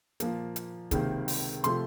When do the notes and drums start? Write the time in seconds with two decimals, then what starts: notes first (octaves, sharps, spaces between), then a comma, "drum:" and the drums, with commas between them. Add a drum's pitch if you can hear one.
0.20 A#2 F3 A#3, drum: hi-hat
0.56 drum: hi-hat
0.91 C#2 C3 D#3 A#3, drum: kick, hi-hat
1.28 drum: open hi-hat
1.64 C3 F3 A3 C6, drum: hi-hat